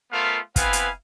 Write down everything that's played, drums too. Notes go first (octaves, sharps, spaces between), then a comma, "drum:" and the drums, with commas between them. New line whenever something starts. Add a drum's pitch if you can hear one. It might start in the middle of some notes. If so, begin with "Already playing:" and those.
A3 B3 F4 A#4 C5 F5
B3 C4 E4 B4 F5 G#5, drum: kick, hi-hat
drum: hi-hat